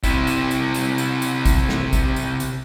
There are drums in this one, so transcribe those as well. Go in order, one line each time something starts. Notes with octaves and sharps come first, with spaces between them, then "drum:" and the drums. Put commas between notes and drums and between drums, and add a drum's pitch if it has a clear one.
C3 E4, drum: kick, tambourine
drum: tambourine
drum: tambourine
drum: tambourine
drum: tambourine
drum: tambourine
drum: kick, tambourine
drum: snare
drum: kick, tambourine
drum: tambourine
drum: tambourine